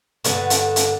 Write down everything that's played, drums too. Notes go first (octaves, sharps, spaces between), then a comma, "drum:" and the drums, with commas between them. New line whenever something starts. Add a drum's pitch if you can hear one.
G2 D3 B3, drum: hi-hat
drum: hi-hat
drum: hi-hat